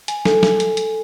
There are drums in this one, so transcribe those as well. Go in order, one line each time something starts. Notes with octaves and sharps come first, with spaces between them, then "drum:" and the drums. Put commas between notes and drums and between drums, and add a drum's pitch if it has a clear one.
G#5, drum: hi-hat
A4, drum: snare
drum: snare
drum: hi-hat
drum: hi-hat